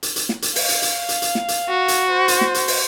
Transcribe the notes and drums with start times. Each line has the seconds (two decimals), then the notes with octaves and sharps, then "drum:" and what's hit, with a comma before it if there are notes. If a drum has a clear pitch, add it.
0.03 drum: hi-hat
0.16 drum: hi-hat
0.29 drum: snare
0.42 drum: hi-hat
0.56 F5, drum: open hi-hat
0.69 drum: hi-hat
0.82 drum: hi-hat
1.09 drum: hi-hat
1.22 drum: hi-hat
1.35 drum: snare
1.48 drum: hi-hat
1.69 F#4
1.88 drum: hi-hat
2.10 C5
2.28 drum: hi-hat
2.41 drum: snare
2.54 drum: hi-hat
2.68 drum: open hi-hat